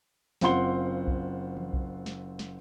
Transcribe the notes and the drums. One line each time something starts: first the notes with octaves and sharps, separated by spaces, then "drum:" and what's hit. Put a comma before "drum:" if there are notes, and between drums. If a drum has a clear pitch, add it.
F#1 C4 F4 F#5 C6 G7, drum: snare
drum: kick B1
drum: tom E3
drum: kick B1
drum: snare
drum: snare